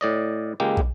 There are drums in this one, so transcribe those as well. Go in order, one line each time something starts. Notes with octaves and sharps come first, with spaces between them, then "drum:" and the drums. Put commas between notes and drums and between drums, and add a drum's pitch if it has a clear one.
A2 D5 D#5
C#2 G#3 A#3 G4
drum: kick